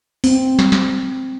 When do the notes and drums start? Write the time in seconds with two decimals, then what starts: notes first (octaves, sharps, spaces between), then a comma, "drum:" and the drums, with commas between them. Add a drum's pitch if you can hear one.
0.24 C4, drum: open hi-hat
0.59 drum: snare
0.72 drum: snare